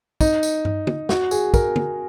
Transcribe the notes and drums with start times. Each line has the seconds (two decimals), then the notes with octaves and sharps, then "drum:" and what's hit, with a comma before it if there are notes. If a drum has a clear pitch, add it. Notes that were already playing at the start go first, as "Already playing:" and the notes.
0.21 D#4, drum: kick, tambourine
0.43 drum: tambourine
0.65 drum: tom
0.87 drum: tom
1.09 F#4, drum: snare
1.31 G#4, drum: tambourine
1.54 A#4, drum: kick, tambourine
1.76 drum: tom